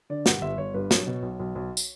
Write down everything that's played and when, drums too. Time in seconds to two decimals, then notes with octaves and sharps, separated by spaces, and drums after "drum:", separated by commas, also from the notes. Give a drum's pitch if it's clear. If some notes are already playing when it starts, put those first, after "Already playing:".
0.10 D3 D5
0.26 G2 F#5, drum: snare
0.42 G1 E5
0.58 G1 C#5
0.74 G2 B4
0.91 F#3 C#5, drum: snare
1.07 B2
1.23 B1
1.40 B1
1.56 B1
1.77 drum: tambourine